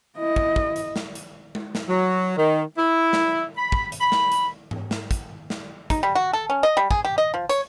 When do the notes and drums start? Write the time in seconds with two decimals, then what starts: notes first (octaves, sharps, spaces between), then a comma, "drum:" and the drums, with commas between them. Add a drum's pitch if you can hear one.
0.17 E4 D#5
0.36 drum: kick
0.56 drum: kick
0.76 drum: hi-hat
0.96 drum: snare
1.15 drum: hi-hat
1.55 drum: tom G#3
1.75 drum: snare
1.88 F#3
2.37 D#3
2.77 E4
3.13 drum: snare
3.58 B5
3.72 drum: kick
3.92 drum: hi-hat
4.01 B5
4.12 drum: snare
4.32 drum: hi-hat
4.71 drum: tom G#2
4.91 drum: snare
5.11 drum: kick, hi-hat
5.50 drum: snare
5.90 D#4, drum: kick, hi-hat
6.03 G3
6.15 F#4
6.33 A4
6.50 C#4
6.63 D#5
6.77 G3
6.91 G#4, drum: kick
7.05 G4
7.18 D#5
7.34 F3
7.49 C#5, drum: hi-hat